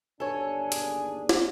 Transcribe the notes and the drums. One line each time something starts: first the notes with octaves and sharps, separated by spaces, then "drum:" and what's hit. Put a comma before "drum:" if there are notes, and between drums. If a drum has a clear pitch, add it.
G1 D#2 D4 A4 C#5 G#5
G#4, drum: hi-hat
drum: snare